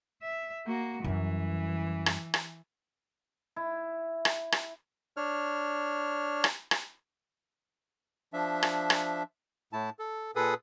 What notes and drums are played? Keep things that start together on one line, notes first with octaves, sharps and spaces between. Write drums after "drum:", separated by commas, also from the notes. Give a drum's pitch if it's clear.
E5
A#3 F#4
F#2 E3 G3
drum: rim click
drum: rim click
E4
drum: rim click
drum: rim click
D4 C#5 F6
drum: rim click
drum: rim click
F3 D4 E5
drum: rim click
drum: rim click
A2 A3 E4 A5
A4
A#2 G#4 A4 B4 D#6